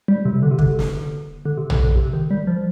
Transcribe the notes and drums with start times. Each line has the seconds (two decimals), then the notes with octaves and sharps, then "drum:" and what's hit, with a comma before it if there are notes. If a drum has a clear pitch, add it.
0.08 G3
0.25 C3
0.43 D3
0.51 C3
0.59 D3, drum: kick
0.79 drum: snare
1.45 D3
1.57 C3
1.70 D3, drum: tom
1.83 D3
1.95 C3
2.13 D#3
2.31 G3
2.47 F3